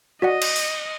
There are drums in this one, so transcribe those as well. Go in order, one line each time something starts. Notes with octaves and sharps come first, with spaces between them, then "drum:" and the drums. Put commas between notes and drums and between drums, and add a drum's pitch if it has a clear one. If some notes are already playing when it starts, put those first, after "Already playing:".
F#4 D5 D#5 F#5
drum: cymbal
drum: open hi-hat